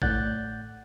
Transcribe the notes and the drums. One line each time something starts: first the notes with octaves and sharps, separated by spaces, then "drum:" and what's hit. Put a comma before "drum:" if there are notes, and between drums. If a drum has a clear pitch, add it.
A2 D5 F#5 F#6 G6 A6, drum: kick G#1